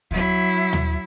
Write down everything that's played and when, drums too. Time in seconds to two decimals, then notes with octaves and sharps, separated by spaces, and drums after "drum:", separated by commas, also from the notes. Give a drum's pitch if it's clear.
0.11 F#3 E4, drum: kick D2
0.73 drum: tom D#2